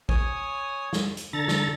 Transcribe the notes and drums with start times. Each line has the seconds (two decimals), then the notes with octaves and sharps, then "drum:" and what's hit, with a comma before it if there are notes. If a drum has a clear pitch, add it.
0.09 C#5 G#5 D#6, drum: kick
0.93 drum: snare
1.17 drum: hi-hat
1.33 D3 A4 A#5 A6
1.48 drum: snare